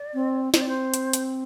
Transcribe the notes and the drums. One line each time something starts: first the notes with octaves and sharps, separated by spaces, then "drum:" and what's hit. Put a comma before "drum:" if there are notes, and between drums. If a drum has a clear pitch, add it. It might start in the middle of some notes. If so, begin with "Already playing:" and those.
Already playing: D5
C4
C4 C5, drum: snare
D5
C5
drum: hi-hat
drum: hi-hat